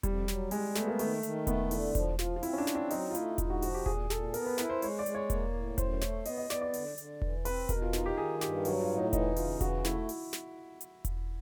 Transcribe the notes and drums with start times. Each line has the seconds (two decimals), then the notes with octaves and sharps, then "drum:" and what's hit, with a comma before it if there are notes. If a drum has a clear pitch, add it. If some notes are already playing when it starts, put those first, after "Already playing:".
0.03 F2 G3, drum: kick E1, hi-hat
0.28 F#3, drum: snare
0.51 G3 G#3, drum: open hi-hat
0.75 A3 B3, drum: snare
0.87 A#3
0.99 D#3 A3, drum: open hi-hat
1.23 D#3, drum: hi-hat
1.47 A3 B3, drum: kick E1, hi-hat
1.71 D3 E4, drum: open hi-hat
1.95 F3, drum: kick E1, hi-hat
2.19 F3 F4, drum: snare
2.36 F4
2.43 C4 E4, drum: open hi-hat
2.53 C#4
2.58 D4
2.67 C4, drum: snare
2.75 D4
2.91 F#3 D#4, drum: open hi-hat
3.10 F4
3.15 A3 E4, drum: hi-hat
3.38 G#2 F4, drum: kick E1, hi-hat
3.50 F#4
3.62 F3 F#4, drum: open hi-hat
3.74 G4
3.86 A#2 G#4, drum: kick E1
4.10 A#2 A4, drum: snare
4.34 B3 A#4, drum: open hi-hat
4.46 B4
4.58 E4 B4, drum: snare
4.70 C5
4.82 G#3 C#5, drum: open hi-hat
4.99 D5
5.06 G#3, drum: hi-hat
5.15 C#5
5.30 A#3, drum: kick E1, hi-hat
5.54 A2
5.78 F#2 C5, drum: kick E1, hi-hat
6.01 A3 C#5, drum: snare
6.25 B3 D#5, drum: open hi-hat
6.38 D#5
6.50 B3 D5, drum: snare
6.61 D5
6.74 D3, drum: open hi-hat
6.98 D3, drum: hi-hat
7.22 E3, drum: kick E1
7.45 C4 B4, drum: open hi-hat
7.69 B2 A#4, drum: kick E1, hi-hat
7.82 F4
7.93 D#4 F4, drum: snare
8.06 G4
8.17 D#3 G#4
8.41 G2 G4, drum: snare
8.65 F#3 F#4, drum: open hi-hat
8.81 F4
8.89 A2
8.97 D#4
9.13 E3 D#4, drum: kick E1, hi-hat
9.36 C#3 F4, drum: open hi-hat
9.61 E3 F#4, drum: kick E1, hi-hat
9.85 A3 E4, drum: snare
10.09 drum: open hi-hat
10.33 drum: snare
10.81 drum: hi-hat
11.05 drum: kick E1, hi-hat